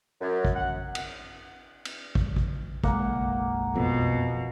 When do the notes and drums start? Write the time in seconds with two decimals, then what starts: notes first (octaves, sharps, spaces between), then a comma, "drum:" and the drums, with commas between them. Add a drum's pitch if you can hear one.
0.21 F#2
0.45 drum: kick
0.55 F#5
0.95 drum: cymbal
1.85 drum: cymbal
2.15 drum: kick
2.36 drum: kick
2.84 F#1 B1 G#3 A#3 F#5, drum: kick
3.76 F2 B2